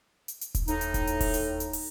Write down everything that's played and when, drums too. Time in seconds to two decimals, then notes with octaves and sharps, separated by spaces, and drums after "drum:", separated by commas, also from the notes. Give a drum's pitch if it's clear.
0.28 drum: hi-hat
0.41 drum: hi-hat
0.55 drum: kick D#1, hi-hat
0.68 A2 D#4, drum: hi-hat
0.81 drum: hi-hat
0.94 drum: kick D#1, hi-hat
1.07 drum: hi-hat
1.21 drum: kick D#1, open hi-hat
1.34 drum: hi-hat
1.60 drum: hi-hat
1.73 drum: open hi-hat